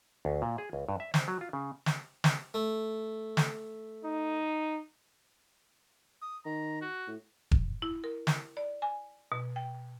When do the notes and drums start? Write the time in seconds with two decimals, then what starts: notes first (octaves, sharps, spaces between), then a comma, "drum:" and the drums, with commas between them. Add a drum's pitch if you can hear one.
0.25 D2
0.42 A#2
0.58 G#4
0.73 C#2
0.89 G2
1.00 E5
1.14 C5, drum: snare
1.28 F#3
1.41 F4
1.53 C#3
1.86 drum: snare
2.24 drum: snare
2.54 A3
3.37 drum: snare
4.04 D#4
6.22 D#6
6.46 D#3 A#5
6.81 F#4
7.07 A2
7.51 drum: kick E1
7.82 E4
8.04 A#4
8.27 drum: snare
8.57 D5
8.82 G#5
9.32 B2
9.56 G5